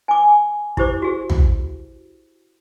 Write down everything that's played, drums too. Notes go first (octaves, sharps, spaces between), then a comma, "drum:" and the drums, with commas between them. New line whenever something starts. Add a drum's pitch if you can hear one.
G#5 D6
E4 G4 C5 D6, drum: kick
F#4 G#4
drum: tom